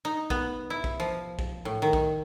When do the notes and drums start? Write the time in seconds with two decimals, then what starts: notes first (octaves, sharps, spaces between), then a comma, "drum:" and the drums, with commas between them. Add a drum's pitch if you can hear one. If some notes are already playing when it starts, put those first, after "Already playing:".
0.05 D#4
0.30 B3, drum: kick
0.70 E4
0.84 drum: kick
1.00 F3
1.39 drum: kick
1.65 A2
1.82 D#3
1.93 drum: kick